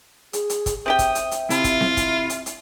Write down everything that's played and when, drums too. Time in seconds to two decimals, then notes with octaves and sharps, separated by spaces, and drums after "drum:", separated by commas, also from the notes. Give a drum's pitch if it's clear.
0.33 G#4, drum: hi-hat
0.50 drum: hi-hat
0.66 drum: kick, hi-hat
0.86 C4 G4 E5 G5 D#6
0.99 drum: kick, hi-hat
1.15 drum: hi-hat
1.31 drum: hi-hat
1.50 C3 E4 F4 A5, drum: hi-hat
1.64 drum: kick, hi-hat
1.80 drum: snare C4
1.97 drum: kick, hi-hat
2.30 drum: hi-hat
2.46 drum: hi-hat